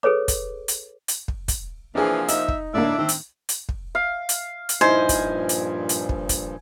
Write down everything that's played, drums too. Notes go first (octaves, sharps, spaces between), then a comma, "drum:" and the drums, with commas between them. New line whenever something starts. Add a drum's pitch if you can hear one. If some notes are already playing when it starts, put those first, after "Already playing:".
G#4 A4 B4 C#5 D6
drum: kick, hi-hat
drum: hi-hat
drum: hi-hat
drum: kick
drum: kick, hi-hat
C3 E3 F3 A#3 D4 G#4
D#4 E5, drum: hi-hat
drum: kick
A2 D3 A#3 D4 D5 E5
D#3 C4
drum: hi-hat
drum: hi-hat
drum: kick
F5
drum: hi-hat
drum: hi-hat
G2 A#2 F3 D#4 E4 C5 G#5
drum: kick, hi-hat
drum: hi-hat
drum: hi-hat
drum: kick
drum: kick, hi-hat